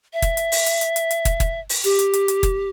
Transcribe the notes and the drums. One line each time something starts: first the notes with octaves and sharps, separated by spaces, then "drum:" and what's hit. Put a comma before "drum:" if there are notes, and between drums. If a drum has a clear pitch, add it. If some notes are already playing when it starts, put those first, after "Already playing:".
E5
drum: kick, hi-hat
drum: hi-hat
drum: open hi-hat
drum: hi-hat
drum: hi-hat
drum: hi-hat
drum: hi-hat
drum: kick, hi-hat
drum: kick, hi-hat
drum: open hi-hat
G4, drum: hi-hat
drum: hi-hat
drum: hi-hat
drum: hi-hat
drum: kick, hi-hat